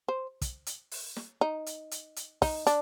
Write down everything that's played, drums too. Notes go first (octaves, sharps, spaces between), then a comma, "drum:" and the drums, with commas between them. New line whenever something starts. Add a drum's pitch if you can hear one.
C5
drum: kick, hi-hat
drum: hi-hat
drum: open hi-hat
drum: snare
D#4
drum: hi-hat
drum: hi-hat
drum: hi-hat
D#4, drum: kick, open hi-hat
D4, drum: hi-hat